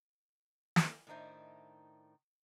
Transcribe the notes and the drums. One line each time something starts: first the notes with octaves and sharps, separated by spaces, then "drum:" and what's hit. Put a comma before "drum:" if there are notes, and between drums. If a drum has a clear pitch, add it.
drum: snare
A2 D#3 D4 D#4 C5 E5